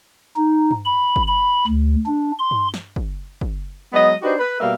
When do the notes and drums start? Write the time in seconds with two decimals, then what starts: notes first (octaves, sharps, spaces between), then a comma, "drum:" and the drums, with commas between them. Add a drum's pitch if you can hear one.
0.36 D#4
0.71 drum: tom G2
0.85 B5
1.16 drum: kick
1.27 B5
1.67 D2
2.06 D4
2.39 C6
2.51 drum: tom G2
2.74 drum: snare
2.96 drum: kick
3.41 drum: kick
3.93 F#3 G#3 B3 D#5
4.22 D4 D#4 F#4 G4 B4 C5
4.38 B4
4.60 B2 G3 A#3 E5 F5